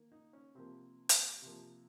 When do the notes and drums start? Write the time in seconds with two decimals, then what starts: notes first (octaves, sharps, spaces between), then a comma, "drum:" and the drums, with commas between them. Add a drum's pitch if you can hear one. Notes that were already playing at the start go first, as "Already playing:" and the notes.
Already playing: D#3 A#3
0.12 D#4
0.33 C#4
0.55 C3 F3 A#3 C4
1.09 drum: hi-hat
1.42 C3 F3 A#3